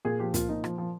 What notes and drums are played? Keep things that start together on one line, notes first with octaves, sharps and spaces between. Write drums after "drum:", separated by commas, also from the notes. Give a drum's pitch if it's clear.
A#2 G#4
F3 G4
A#2 F4, drum: kick, hi-hat
A#2 D#4
F3, drum: rim click
F3